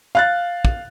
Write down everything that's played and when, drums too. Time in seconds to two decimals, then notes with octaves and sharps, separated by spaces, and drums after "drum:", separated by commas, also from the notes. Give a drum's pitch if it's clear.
0.15 F5 F#6 A6
0.65 drum: kick